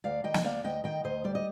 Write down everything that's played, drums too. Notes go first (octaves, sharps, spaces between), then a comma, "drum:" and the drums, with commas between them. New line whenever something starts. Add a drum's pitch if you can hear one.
D2 D5 F5
D#3 D#5 G5
drum: snare
D2 D5 F5
D2 D#5 G5
D#3 D#5 G5
D2 C5 D#5
G3 D5
D#5